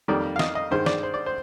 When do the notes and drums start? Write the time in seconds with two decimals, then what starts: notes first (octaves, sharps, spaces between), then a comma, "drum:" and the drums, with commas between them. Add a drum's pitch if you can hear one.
0.08 F2 D#3 G3 A#3 D5
0.36 F5
0.39 D#5, drum: snare
0.55 D#5
0.71 G2 D#3 G#3 C5
0.86 D5, drum: snare
1.03 C5
1.14 D5
1.26 C5